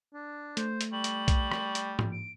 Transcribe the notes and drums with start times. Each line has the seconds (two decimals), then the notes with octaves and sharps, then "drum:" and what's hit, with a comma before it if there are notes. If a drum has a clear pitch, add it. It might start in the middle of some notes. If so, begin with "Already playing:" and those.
0.13 D4
0.57 A3 C5, drum: hi-hat
0.81 drum: hi-hat
0.93 G3 C#6 F#7
1.04 drum: hi-hat
1.28 drum: kick, hi-hat
1.51 drum: rim click
1.75 drum: hi-hat
1.99 drum: tom G#2
2.12 D7